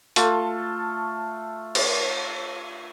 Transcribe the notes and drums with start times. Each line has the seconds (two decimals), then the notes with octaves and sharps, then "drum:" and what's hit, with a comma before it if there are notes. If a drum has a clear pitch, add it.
0.16 A3 F4 A5, drum: hi-hat
1.75 drum: cymbal